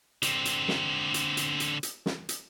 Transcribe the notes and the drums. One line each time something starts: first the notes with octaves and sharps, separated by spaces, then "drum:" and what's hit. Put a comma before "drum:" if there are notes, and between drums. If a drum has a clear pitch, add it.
D3 C4, drum: hi-hat
drum: hi-hat
drum: snare
drum: hi-hat
drum: hi-hat
drum: hi-hat
drum: hi-hat
drum: snare
drum: hi-hat